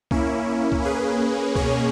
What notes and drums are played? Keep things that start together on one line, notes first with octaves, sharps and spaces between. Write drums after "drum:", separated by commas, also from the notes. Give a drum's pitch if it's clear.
A#3 C#4 E4, drum: kick
drum: kick
A#3 C#4 G#4 B4
B2 A#3 C#4 G#4 C#5, drum: kick